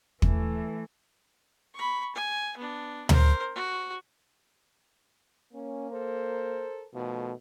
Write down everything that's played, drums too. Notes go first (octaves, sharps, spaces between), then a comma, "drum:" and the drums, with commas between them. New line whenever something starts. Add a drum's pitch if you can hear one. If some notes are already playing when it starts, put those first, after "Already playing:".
E3 A3, drum: kick
B5 C#6
G#5
B3 D4
A#4 C5, drum: tom D2
F#4
A#3 C#4
A4 A#4 C5
B2 D#3 F3 A3